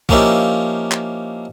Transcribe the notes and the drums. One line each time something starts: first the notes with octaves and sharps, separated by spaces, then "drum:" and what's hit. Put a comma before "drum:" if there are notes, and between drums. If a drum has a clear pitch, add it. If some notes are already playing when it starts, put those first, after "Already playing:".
F3 A#3 C#4 D#4 E4 G4, drum: kick
drum: clap